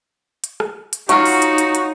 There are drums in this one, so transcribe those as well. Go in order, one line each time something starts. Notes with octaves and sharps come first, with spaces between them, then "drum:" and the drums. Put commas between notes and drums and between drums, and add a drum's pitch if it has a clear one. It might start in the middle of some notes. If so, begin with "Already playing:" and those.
drum: hi-hat
drum: rim click
drum: hi-hat
F#3 C#4 D#4 F4 F#4 C#6, drum: hi-hat
drum: open hi-hat
drum: hi-hat
drum: hi-hat
drum: hi-hat